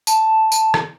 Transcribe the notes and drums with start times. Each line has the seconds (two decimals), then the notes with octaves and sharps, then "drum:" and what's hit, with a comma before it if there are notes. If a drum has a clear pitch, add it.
0.07 A5, drum: tambourine
0.52 drum: tambourine
0.74 drum: rim click